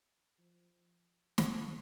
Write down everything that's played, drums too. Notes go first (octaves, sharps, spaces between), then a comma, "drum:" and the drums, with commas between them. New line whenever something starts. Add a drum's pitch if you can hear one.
F3
G3, drum: snare